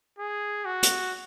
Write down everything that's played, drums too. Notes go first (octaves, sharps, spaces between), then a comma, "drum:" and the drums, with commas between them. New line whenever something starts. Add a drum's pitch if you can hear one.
G#4
F#4
drum: hi-hat